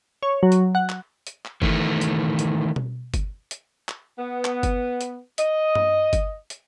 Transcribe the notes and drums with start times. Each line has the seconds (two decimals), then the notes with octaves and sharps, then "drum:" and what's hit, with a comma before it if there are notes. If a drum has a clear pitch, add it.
0.22 C#5
0.43 F#3
0.52 drum: hi-hat
0.75 F#5
0.89 drum: clap
1.27 drum: hi-hat
1.45 drum: clap
1.62 D#3 E3 A3, drum: kick G1
2.01 drum: hi-hat
2.39 drum: hi-hat
2.76 drum: tom B2
3.14 drum: kick G1, hi-hat
3.51 drum: hi-hat
3.88 drum: clap
4.19 B3
4.45 drum: clap
4.63 drum: kick G1, hi-hat
5.01 drum: hi-hat
5.38 D#5, drum: hi-hat
5.75 drum: tom G2
6.13 drum: kick G1, hi-hat
6.50 drum: hi-hat